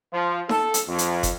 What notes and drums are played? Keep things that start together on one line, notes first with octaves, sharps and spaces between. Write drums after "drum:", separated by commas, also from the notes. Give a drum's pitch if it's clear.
F3
A4, drum: snare D#4
drum: hi-hat
F2
drum: hi-hat
drum: kick, hi-hat